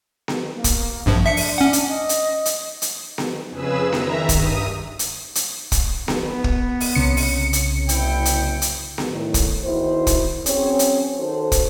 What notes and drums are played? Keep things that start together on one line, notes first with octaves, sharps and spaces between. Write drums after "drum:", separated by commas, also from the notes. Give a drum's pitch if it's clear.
drum: snare B3
A#3
drum: kick, hi-hat
A#1 G2 F3
D4 E5 C#7
drum: open hi-hat
C#4 F#5
drum: hi-hat
D#5
drum: hi-hat
drum: hi-hat
drum: hi-hat
drum: snare B3
F2 C#3 G#4 B4 E6
D#3 E5 A#5, drum: snare B3
G2 D#6, drum: kick, hi-hat
drum: hi-hat
drum: hi-hat
drum: kick, hi-hat
B3, drum: snare B3
drum: kick
drum: open hi-hat
C2 C#3 C#7
drum: open hi-hat
drum: hi-hat
F#1 E4 G5, drum: hi-hat
drum: hi-hat
drum: hi-hat
drum: snare B3
A2 D#3
drum: kick, hi-hat
E2 D#3 E4 F#4 C5
drum: kick, hi-hat
F#3 C4 C#4 G#4 C#5, drum: hi-hat
drum: hi-hat
D#3 F#4 A4 C5
drum: kick, hi-hat